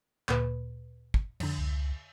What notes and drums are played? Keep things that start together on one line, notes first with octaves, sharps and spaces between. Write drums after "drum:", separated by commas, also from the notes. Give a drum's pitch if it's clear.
D2 A#2 B4, drum: clap
drum: kick
F2 D3, drum: cymbal
C#2